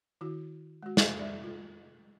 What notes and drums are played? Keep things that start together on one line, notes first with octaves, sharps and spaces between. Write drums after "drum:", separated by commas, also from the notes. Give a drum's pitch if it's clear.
D#3 E4 F#4
G#3 F#4
C5 E5 F5 G#5, drum: snare
D5 E5
F4